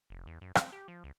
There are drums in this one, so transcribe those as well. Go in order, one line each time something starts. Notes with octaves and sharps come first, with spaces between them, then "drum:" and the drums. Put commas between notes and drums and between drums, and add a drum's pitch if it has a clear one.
F1
E2
F#2
C4, drum: rim click
G4
F3
C#2